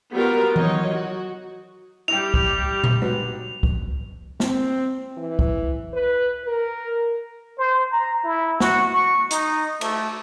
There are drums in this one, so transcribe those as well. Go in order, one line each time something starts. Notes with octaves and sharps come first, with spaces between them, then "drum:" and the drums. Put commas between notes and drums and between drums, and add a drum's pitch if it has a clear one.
G3 B3 F4 F#4 A#4
F#3 D#4 C#5 D#5, drum: tom E3
F#4
G3 E4 G4 G5 F7
drum: kick
drum: tom A#2
G#2 F#3 B3
drum: kick
C4, drum: snare
E3
drum: kick
B4
A#4
C5
A#5
E4
F#4, drum: snare
C#6
D#4, drum: hi-hat
A3, drum: cymbal